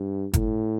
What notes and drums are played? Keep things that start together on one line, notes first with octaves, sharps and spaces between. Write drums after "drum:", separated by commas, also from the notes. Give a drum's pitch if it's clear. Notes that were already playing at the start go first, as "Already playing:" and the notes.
Already playing: G2
A2, drum: kick G1, hi-hat